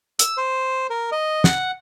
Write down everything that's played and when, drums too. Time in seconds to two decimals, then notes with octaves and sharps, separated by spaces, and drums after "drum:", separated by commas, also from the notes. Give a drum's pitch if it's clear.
0.19 E6, drum: hi-hat
0.37 C5
0.90 A#4
1.12 D#5
1.44 F#5, drum: snare